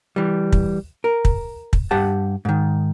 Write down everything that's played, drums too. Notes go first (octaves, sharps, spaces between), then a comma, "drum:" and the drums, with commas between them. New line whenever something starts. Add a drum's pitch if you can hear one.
E3 G3
drum: kick
A#4
drum: kick
drum: kick
G2 G4 F#5 A5
G#2 D#3